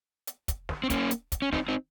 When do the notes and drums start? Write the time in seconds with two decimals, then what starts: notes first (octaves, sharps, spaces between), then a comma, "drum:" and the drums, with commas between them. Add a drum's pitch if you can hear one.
0.27 drum: hi-hat
0.48 drum: kick, hi-hat
0.69 drum: snare
0.84 C4
0.90 A#3 C#4, drum: kick, hi-hat
1.11 drum: hi-hat
1.32 drum: kick, hi-hat
1.42 C#4
1.53 C4 D#4, drum: snare
1.68 C4 D#4